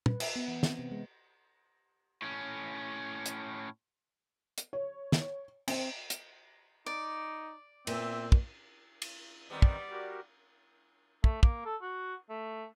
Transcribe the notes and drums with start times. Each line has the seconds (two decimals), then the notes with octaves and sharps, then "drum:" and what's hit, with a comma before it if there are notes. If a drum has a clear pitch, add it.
0.06 B4, drum: tom
0.20 E5, drum: cymbal
0.36 B3
0.48 E3
0.63 C4, drum: snare
0.79 C3
0.91 G#3
2.22 A2 C#4
3.26 drum: hi-hat
4.58 drum: hi-hat
4.73 C#5
5.12 drum: snare
5.68 C4, drum: cymbal
6.10 drum: hi-hat
6.86 D#4 D5
7.87 A#2 B3 C4 E5, drum: cymbal
8.32 drum: kick
9.02 drum: cymbal
9.50 D#3 G3 B3 C4 D5
9.62 drum: kick
9.90 F#4 G4 A#4
11.24 A3, drum: kick
11.43 A#3, drum: kick
11.65 A4
11.82 F#4
12.30 A3